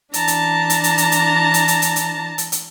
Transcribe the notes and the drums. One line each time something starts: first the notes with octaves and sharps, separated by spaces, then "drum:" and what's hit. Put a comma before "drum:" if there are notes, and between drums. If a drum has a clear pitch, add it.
E3 D4 A5 A#5, drum: hi-hat
drum: hi-hat
drum: hi-hat
drum: hi-hat
drum: hi-hat
drum: hi-hat
drum: hi-hat
drum: hi-hat
drum: hi-hat
drum: hi-hat
drum: hi-hat
drum: hi-hat